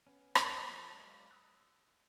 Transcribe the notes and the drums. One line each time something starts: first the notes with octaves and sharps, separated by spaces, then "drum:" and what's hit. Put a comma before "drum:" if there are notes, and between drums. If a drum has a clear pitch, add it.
B3 C#4
drum: rim click
F3 A4 G5 D6
F#3 G#3 D5 F5
D#6 E6 F#6